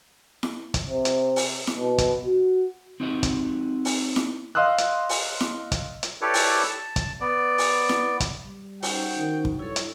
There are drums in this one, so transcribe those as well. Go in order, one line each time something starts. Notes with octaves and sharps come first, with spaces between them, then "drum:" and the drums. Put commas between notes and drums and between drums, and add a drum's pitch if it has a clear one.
drum: snare E4
drum: kick, hi-hat
C3
drum: hi-hat
drum: open hi-hat
drum: snare E4
B2
drum: kick, hi-hat
F#4
C4 D#4 F#4 G4 D#5 F#5
drum: kick, hi-hat
drum: open hi-hat
drum: snare E4
D#5 F5 C6 D#6 E6 F#6
drum: hi-hat
drum: open hi-hat
drum: snare E4
drum: kick, hi-hat
drum: hi-hat
E4 G4 A4 B4 C#5 D5
drum: open hi-hat
A5
drum: kick, hi-hat
B3 D5
drum: open hi-hat
drum: snare E4
drum: kick, hi-hat
G3
C#4 D#4 F#4 C5 G5, drum: open hi-hat
D#3
drum: kick
G2 E4 A4 C#5
drum: hi-hat